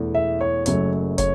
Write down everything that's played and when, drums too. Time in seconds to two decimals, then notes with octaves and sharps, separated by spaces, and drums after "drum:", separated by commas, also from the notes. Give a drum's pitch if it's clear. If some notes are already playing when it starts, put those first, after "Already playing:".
Already playing: E1 E2 E3 A3
0.15 E5
0.41 C#5
0.66 F#1 F#2 F#3 A3 C#5, drum: hi-hat
1.18 C#5, drum: kick, hi-hat